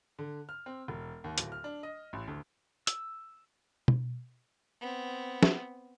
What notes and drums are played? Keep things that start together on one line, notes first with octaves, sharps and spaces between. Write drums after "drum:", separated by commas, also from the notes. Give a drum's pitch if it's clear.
D3
F6
C4
E1
D#2
D1, drum: hi-hat
F6
D4
D#5
A1
D2
E6, drum: hi-hat
drum: tom B2
B3 C4
drum: snare